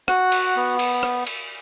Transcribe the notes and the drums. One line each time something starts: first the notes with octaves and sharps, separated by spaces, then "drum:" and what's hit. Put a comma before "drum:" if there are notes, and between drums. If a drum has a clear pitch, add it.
F#4 F#5, drum: rim click
drum: cymbal
B3
drum: cymbal
drum: rim click
drum: cymbal